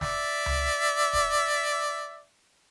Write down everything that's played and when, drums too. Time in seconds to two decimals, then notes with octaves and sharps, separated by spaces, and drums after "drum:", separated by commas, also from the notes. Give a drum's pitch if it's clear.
0.01 D5 E5, drum: snare
0.46 drum: tom C#2
1.13 drum: kick D1